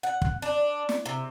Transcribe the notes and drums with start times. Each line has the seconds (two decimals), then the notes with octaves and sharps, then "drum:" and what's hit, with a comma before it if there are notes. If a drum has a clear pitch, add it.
0.03 F#5
0.22 drum: kick
0.42 D4
0.89 drum: snare
1.06 C3